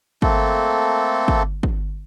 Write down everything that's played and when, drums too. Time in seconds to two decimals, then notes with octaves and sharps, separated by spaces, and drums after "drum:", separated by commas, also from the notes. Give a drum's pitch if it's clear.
0.22 A3 A#3 C4 A4, drum: kick
1.28 drum: kick
1.63 drum: kick